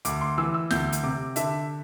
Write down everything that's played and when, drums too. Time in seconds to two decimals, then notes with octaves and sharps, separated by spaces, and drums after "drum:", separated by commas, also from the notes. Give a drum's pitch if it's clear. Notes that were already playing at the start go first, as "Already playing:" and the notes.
0.05 D2 D6, drum: hi-hat
0.21 C6
0.38 E3 E6
0.54 E6
0.71 D2 G6, drum: snare
0.93 drum: hi-hat
1.03 C3 D6
1.36 D3 E5, drum: hi-hat